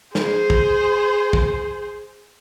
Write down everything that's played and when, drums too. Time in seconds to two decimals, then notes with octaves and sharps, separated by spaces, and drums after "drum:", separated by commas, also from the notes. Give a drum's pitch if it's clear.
0.15 G#4 C5, drum: snare
0.50 drum: kick
1.33 drum: kick